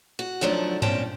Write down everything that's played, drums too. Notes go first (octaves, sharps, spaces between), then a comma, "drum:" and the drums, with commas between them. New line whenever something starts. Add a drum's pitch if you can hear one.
F#4
D#3 F3 F#3 A3 D4
A#2 C4 C#4 G5 A5, drum: tom G#2